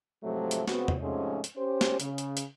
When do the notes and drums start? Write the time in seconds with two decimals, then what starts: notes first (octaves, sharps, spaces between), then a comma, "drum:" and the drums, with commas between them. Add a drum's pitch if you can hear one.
0.23 G#2 C3 F3 F#3 A3
0.51 drum: hi-hat
0.68 C#3 B3 C4 F#4, drum: snare
0.88 drum: tom
1.02 G#2 C3 F3 G#3 A3 C#4
1.44 drum: hi-hat
1.57 C#4 G4 C5
1.81 drum: snare
2.00 C#3, drum: hi-hat
2.18 drum: hi-hat
2.37 drum: hi-hat